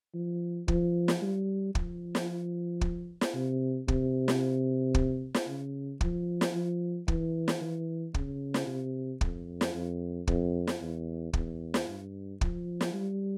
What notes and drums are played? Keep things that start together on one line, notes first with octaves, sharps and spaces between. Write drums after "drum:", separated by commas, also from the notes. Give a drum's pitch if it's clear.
F3
F3, drum: kick
drum: snare
G3
F3, drum: kick
drum: snare
drum: kick
drum: snare
C3
C3, drum: kick
drum: snare
drum: kick
drum: snare
C#3
F3, drum: kick
drum: snare
F3
E3, drum: kick
drum: snare
E3
C#3, drum: kick
drum: snare
C3
F2, drum: kick
drum: snare
F2
F2, drum: kick
drum: snare
E2
E2, drum: kick
drum: snare
G2
F3, drum: kick
drum: snare
G3